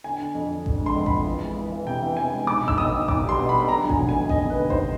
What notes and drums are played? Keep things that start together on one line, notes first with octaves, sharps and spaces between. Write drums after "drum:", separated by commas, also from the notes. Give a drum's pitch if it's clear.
D3 G#5
D3
F2
D3
D3, drum: kick A1
G#3
C6
F2
B5, drum: kick A1
F3
E3
G#3
E3
E3
C3 G5
E3
E3 G#5
G#3
B1 D6
B1
E6, drum: kick A1
B1 D#6
B1
B1 D6, drum: kick A1
G3
C6
B2
B5
B1
B5
D3 A#5
F#3
G#5, drum: kick A1
F1
G#5
D3
F1 D#5, drum: kick A1
F1
B4
D#2
C5, drum: kick A1